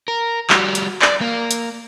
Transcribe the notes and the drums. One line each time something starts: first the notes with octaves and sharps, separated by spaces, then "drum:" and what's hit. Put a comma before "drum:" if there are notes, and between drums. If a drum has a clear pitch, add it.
A#4
G3 F#4, drum: clap
drum: hi-hat
D5, drum: clap
A#3
drum: hi-hat